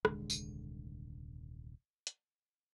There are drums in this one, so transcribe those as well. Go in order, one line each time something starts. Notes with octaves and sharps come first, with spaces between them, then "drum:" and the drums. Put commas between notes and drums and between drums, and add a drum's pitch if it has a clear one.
D#1 C2 D3 G#3, drum: rim click
drum: tambourine
drum: hi-hat